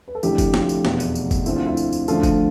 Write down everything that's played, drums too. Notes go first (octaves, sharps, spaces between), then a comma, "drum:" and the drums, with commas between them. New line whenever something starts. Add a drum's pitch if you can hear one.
B4
A4
F1 F2 D3 A3 E4 G4, drum: tambourine
drum: kick F#1, tambourine
F4, drum: snare
drum: tambourine
F1 E2 B2, drum: snare
drum: tambourine
drum: tambourine
drum: kick F#1, tambourine
D2 D3 F3 C4 E4, drum: tambourine
F4
E4
drum: tambourine
drum: tambourine
D2 D3 F3 A3 F4 A4, drum: tambourine
drum: kick F#1, tambourine